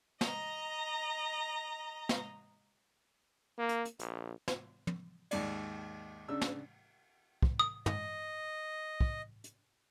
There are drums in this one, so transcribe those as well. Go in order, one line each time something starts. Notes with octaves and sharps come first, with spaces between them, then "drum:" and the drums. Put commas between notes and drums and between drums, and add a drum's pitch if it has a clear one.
D#5 A#5, drum: snare
drum: snare
A#3
drum: hi-hat
drum: hi-hat
A#1, drum: hi-hat
drum: snare
drum: tom
D#2 G#2 D5, drum: cymbal
C#3 D4 E6
drum: snare
drum: kick
D#6
D#5, drum: tom
drum: kick
drum: hi-hat